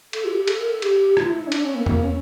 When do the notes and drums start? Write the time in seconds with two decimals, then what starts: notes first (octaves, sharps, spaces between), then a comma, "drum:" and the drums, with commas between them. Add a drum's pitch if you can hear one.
0.13 A4, drum: cymbal
0.25 F4
0.30 G4
0.41 G4
0.48 A4, drum: cymbal
0.59 A#4
0.71 A4
0.82 G4, drum: cymbal
1.17 F4, drum: rim click
1.29 E4
1.40 E4
1.47 C#4
1.52 D4, drum: cymbal
1.63 C#4
1.75 A#3
1.86 A#3, drum: tom E2
2.03 C#4